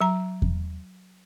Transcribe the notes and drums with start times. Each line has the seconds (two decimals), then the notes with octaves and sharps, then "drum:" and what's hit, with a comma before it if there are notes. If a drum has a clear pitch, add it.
0.01 F#3 A#5
0.42 drum: kick E2